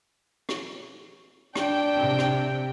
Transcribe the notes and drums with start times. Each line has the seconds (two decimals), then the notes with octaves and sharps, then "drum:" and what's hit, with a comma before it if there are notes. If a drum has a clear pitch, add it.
0.49 drum: rim click
1.55 D4 G5, drum: rim click
1.97 C3
2.19 drum: rim click